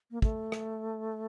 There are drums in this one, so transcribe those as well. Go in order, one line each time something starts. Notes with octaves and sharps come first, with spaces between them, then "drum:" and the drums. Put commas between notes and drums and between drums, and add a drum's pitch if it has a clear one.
A#3
A3, drum: kick
drum: rim click